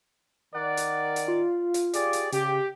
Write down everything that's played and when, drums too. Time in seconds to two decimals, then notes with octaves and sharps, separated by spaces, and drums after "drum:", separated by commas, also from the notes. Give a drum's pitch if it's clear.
0.54 D#3 A#4 D5 F#5
0.77 drum: hi-hat
1.16 drum: hi-hat
1.28 F4
1.74 drum: hi-hat
1.94 G4 G#4 D5, drum: hi-hat
2.13 drum: hi-hat
2.32 C#3 G4, drum: hi-hat